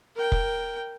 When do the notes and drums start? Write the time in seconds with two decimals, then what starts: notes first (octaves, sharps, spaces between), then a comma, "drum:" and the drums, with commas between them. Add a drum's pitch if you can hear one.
0.16 A#4 G5
0.32 drum: kick F1